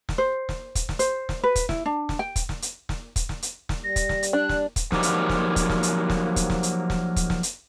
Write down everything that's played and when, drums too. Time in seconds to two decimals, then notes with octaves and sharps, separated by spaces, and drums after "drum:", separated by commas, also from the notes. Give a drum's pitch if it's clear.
0.09 drum: snare
0.18 C5
0.49 drum: snare
0.75 drum: kick, hi-hat
0.89 drum: snare
0.99 C5, drum: hi-hat
1.29 drum: snare
1.44 B4
1.56 drum: kick, hi-hat
1.69 E4, drum: snare
1.86 D4
2.09 drum: snare
2.19 G5
2.36 drum: kick, hi-hat
2.49 drum: snare
2.62 drum: hi-hat
2.89 drum: snare
3.16 drum: kick, hi-hat
3.29 drum: snare
3.42 drum: hi-hat
3.69 drum: snare
3.84 G3 A#6
3.96 drum: kick, hi-hat
4.09 drum: snare
4.23 drum: hi-hat
4.33 D4 F#6
4.49 drum: snare
4.76 drum: kick, hi-hat
4.92 F3 F#3 A#3 D#4 G4 D5, drum: snare
5.03 drum: hi-hat
5.29 drum: snare
5.56 drum: kick, hi-hat
5.70 drum: snare
5.83 drum: hi-hat
6.10 drum: snare
6.36 drum: kick, hi-hat
6.50 drum: snare
6.63 drum: hi-hat
6.90 drum: snare
7.16 drum: kick, hi-hat
7.30 drum: snare
7.43 drum: hi-hat